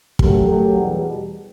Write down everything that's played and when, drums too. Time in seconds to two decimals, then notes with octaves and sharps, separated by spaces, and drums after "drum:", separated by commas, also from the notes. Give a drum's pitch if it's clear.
0.19 F#2 F#3 A3 G4, drum: kick
0.47 F#2 F#3 A3
0.77 E2 B2 G3